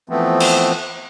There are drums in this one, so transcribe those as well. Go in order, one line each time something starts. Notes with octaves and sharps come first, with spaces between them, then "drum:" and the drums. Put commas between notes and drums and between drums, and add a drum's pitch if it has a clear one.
E3 F3 A3 B3 C4
drum: cymbal